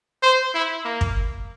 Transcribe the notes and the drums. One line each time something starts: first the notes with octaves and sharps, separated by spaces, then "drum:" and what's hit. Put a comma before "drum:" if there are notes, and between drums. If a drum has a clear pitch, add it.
C5
E4
A#3
drum: kick